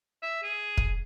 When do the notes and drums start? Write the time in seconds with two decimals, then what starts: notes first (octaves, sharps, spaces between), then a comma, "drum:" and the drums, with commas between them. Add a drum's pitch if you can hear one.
0.22 E5
0.43 G#4
0.78 drum: kick